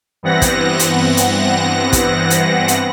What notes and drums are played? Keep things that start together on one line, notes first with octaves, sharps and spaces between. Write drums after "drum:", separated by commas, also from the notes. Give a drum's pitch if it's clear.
G2 E3 B3 C4 F#5 A#6
drum: kick, hi-hat
drum: hi-hat
drum: hi-hat
drum: kick, hi-hat
drum: hi-hat
drum: hi-hat